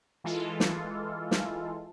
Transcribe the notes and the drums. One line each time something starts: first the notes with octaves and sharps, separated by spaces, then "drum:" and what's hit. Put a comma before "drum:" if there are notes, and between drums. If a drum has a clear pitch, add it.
E3 G#3 F4 A4
drum: snare
drum: snare